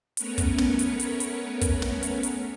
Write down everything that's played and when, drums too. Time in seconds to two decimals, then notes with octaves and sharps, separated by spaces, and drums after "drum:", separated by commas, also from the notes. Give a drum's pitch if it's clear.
0.17 A3 B3 C#4 A#4 B4 C#5, drum: hi-hat
0.38 drum: kick, hi-hat
0.58 drum: snare
0.79 drum: hi-hat
1.00 drum: hi-hat
1.20 drum: hi-hat
1.61 drum: kick, hi-hat
1.82 drum: snare
2.03 drum: hi-hat
2.23 drum: hi-hat